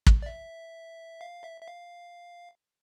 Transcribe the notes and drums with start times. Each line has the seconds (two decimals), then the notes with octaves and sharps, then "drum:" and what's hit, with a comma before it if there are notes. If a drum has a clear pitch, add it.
0.07 drum: kick
0.22 D5
0.26 E5
1.21 F5
1.44 E5
1.61 E5
1.68 F5